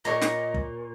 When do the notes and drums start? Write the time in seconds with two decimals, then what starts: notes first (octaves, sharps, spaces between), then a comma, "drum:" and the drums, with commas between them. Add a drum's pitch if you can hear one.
0.05 A#2 C#5 D#5 A#5
0.21 drum: snare
0.54 drum: kick